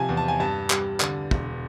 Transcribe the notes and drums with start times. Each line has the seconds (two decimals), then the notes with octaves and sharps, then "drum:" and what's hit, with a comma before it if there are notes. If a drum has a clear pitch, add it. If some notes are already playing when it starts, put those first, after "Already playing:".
Already playing: C3 F3 G#5 A5
0.09 E2
0.17 A5
0.28 G#5
0.40 G2 A5
0.70 G3, drum: clap
1.00 D3, drum: clap
1.31 E1, drum: kick